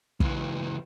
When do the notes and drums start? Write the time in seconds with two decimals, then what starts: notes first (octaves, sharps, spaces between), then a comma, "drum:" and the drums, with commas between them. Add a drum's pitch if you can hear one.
0.20 C#2 E3, drum: kick